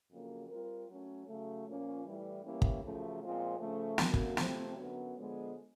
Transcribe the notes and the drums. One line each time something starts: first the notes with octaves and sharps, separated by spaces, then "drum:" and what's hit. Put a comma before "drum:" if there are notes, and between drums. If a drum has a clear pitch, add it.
F2 C#3 F#3 A#3
G3 C4 F4 A#4
F#3 A3 C#4
C#3 F#3 A3
A#2 F3 A#3 C#4
A2 E3 G3
E3 G3 A#3 C#4 E4
drum: kick
F#2 C#3 F3 A3
A#2 F3 G#3 C4 F4
C#3 F3 A3
F#2 D3 F#3 A#3, drum: snare
drum: kick
C3 F3 A3 C4, drum: snare
F#2 D3 F#3 B3
D3 F3 G#3 B3